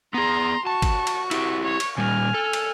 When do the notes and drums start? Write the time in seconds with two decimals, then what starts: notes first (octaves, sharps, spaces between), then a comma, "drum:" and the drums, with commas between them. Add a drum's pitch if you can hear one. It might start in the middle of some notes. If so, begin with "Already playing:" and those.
0.14 B3 G#4 A#5 C6
0.66 F#4 A5 C#6
0.82 drum: kick G1, cymbal
1.07 drum: cymbal
1.31 E4 G4, drum: cymbal
1.63 C#5 C#6
1.80 drum: cymbal
1.98 A#2 G3 G#5 F6
2.34 A4
2.53 drum: cymbal